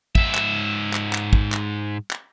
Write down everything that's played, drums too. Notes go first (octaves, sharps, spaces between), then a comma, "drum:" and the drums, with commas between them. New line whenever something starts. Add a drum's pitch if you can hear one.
G#2 E5, drum: kick
drum: clap
drum: clap
drum: clap
drum: kick
drum: clap
drum: clap